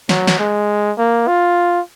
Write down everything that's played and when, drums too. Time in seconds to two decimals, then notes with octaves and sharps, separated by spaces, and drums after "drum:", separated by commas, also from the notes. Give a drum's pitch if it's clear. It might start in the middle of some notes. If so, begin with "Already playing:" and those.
0.09 F#3, drum: snare
0.27 drum: snare
0.40 G#3
0.98 A#3
1.27 F4